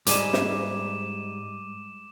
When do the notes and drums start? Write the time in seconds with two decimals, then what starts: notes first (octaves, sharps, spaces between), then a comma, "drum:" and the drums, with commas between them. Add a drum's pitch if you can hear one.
0.07 G#2 G3 G#3 D6 D#7 E7, drum: hi-hat
0.33 drum: snare